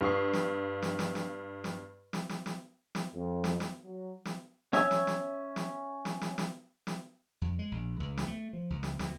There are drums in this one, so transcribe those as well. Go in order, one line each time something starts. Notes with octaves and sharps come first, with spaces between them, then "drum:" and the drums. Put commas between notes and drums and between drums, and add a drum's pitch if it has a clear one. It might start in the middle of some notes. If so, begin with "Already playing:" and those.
G2 F4 C#6 D#6 C7
drum: snare
drum: snare
drum: snare
drum: snare
drum: snare
drum: snare
drum: snare
drum: snare
drum: snare
F2
drum: snare
drum: snare
F#3
drum: snare
C#4 C#5 E5 E6, drum: snare
drum: snare
drum: snare
drum: snare
drum: snare
drum: snare
drum: snare
drum: snare
F2
G#3
A#1
C#2
drum: snare
A3
F3
C#2
drum: snare
D2, drum: snare